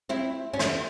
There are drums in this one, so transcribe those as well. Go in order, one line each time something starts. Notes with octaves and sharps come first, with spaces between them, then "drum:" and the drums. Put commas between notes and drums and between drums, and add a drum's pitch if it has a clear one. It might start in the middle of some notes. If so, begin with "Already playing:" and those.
C4 E4
C#4
C4 E4, drum: rim click